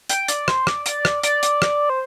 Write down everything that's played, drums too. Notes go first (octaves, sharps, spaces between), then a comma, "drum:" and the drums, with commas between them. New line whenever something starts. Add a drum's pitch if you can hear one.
G5, drum: hi-hat
D5, drum: hi-hat
C5, drum: rim click
D5, drum: rim click
D5, drum: hi-hat
drum: rim click
D5, drum: hi-hat
drum: hi-hat
drum: rim click
C5